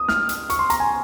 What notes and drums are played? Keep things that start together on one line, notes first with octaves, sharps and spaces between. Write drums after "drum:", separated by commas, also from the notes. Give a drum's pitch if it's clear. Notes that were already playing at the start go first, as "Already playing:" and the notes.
Already playing: D#6
F6, drum: snare
drum: hi-hat
C#6, drum: hi-hat
C6
A#5, drum: hi-hat
G#5